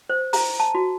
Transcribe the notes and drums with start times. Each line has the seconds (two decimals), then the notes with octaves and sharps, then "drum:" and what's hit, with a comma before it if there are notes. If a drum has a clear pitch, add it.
0.09 C5
0.33 A#5, drum: open hi-hat
0.60 A5
0.75 F#4